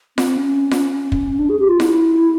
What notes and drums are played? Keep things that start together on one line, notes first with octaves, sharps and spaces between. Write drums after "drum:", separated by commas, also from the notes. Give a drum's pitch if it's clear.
C4, drum: snare F4
C#4
drum: snare F4
drum: kick
D4
G#4
G4
F4
E4, drum: snare F4